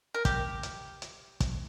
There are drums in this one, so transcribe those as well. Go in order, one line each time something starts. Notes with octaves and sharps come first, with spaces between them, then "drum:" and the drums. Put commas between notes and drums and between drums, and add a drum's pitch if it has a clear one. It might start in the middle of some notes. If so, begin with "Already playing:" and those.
A#4
G4, drum: kick, hi-hat
drum: hi-hat
drum: hi-hat
drum: kick, hi-hat